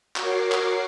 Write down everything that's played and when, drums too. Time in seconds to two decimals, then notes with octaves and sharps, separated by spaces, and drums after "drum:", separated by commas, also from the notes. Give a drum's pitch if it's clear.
0.16 F#4 A#4 C#5 D6 C7, drum: clap
0.52 drum: clap